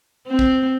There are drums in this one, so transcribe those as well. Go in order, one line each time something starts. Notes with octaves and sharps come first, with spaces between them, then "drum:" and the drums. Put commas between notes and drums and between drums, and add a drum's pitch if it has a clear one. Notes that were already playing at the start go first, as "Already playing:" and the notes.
C4
drum: kick